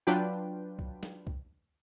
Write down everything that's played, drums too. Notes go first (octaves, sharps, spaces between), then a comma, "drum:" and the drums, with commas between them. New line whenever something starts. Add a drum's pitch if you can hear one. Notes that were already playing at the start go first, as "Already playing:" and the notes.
F#3 D4 F4 B4 G5
drum: kick C2
drum: snare
drum: kick C2